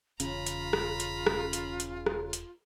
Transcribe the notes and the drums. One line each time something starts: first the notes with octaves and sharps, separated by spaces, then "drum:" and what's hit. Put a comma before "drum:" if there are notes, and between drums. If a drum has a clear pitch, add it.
E1 C#3 C#4 F4 A#5 B5, drum: hi-hat
drum: hi-hat
drum: rim click
drum: hi-hat
drum: rim click
drum: hi-hat
drum: hi-hat
drum: rim click
drum: hi-hat